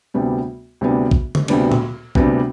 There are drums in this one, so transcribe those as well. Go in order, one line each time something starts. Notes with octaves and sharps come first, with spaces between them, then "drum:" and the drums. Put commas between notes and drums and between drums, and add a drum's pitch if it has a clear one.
D2 C3 G3 B3 D4
D2 C3 G3 B3 D4
drum: kick A#1
drum: tom
D2 C3 G3 B3 D4, drum: cymbal
drum: tom A#2
D2 C3 G3 B3 D4, drum: kick A#1